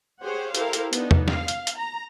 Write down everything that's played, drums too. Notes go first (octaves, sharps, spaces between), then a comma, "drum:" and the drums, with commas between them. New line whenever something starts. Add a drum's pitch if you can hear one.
G4 G#4 C5 C#5 F#5
E4 G4 A4 A#4 C5 F5, drum: hi-hat
drum: hi-hat
B3 D4 D#4, drum: hi-hat
drum: tom E2
F5, drum: snare
drum: hi-hat
drum: hi-hat
A#5